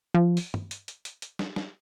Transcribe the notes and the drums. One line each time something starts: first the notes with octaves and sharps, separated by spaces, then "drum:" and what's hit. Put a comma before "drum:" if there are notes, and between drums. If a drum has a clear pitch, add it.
F3
drum: open hi-hat
drum: tom
drum: hi-hat
drum: hi-hat
drum: hi-hat
drum: hi-hat
drum: snare
drum: snare